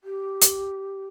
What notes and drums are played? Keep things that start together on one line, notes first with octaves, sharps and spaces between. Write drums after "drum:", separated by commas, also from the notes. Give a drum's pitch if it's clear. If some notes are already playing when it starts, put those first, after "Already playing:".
G4
drum: hi-hat